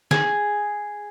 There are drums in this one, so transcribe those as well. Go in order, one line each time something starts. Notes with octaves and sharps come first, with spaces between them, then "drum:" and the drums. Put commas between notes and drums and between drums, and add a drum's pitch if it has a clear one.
G#4, drum: snare